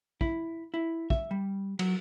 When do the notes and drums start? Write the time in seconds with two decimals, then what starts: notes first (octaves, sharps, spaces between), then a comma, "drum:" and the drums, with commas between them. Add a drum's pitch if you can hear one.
0.21 E4, drum: kick
0.74 E4
1.10 E5, drum: kick
1.31 G3
1.79 F#3, drum: cymbal